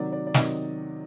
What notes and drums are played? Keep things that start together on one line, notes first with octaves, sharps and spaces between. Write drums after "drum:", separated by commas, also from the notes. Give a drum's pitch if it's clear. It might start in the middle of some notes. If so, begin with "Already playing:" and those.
Already playing: C3 D#3 F#3 D5
D5
D5
C3 D#3 F#3 D#5, drum: snare